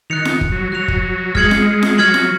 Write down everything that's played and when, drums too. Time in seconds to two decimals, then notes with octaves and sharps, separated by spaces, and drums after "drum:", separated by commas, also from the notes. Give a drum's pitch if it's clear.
0.10 D#3 F#6 C#7 F7
0.25 drum: snare F4
0.41 drum: kick
0.52 F#3
0.72 F#3 F#6 C#7 F7
0.88 drum: kick
1.35 G#3 F6 G#6 C#7 F#7, drum: kick
1.51 drum: snare F4
1.83 drum: snare F4
1.98 F#3 F6 G#6 C#7 F#7
2.14 drum: snare F4